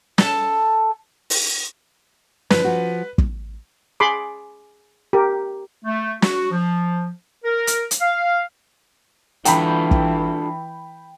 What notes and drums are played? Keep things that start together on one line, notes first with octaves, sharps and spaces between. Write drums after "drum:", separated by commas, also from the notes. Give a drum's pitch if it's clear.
A4 A5, drum: snare
drum: open hi-hat
D3 F3 B4, drum: snare
F3 F#4
drum: kick
G#4 B5 C6 D6
G4 A#4
A3
F#4, drum: snare
F3
A#4
drum: hi-hat
drum: hi-hat
F5
E3 D4 F4 A4 G5 B5, drum: hi-hat
drum: kick